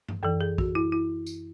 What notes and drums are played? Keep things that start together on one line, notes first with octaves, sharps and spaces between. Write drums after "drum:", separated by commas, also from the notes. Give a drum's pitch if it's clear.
drum: tom G2
F#2 E3 A4
G#4
F#4, drum: kick
E4
E4
drum: tambourine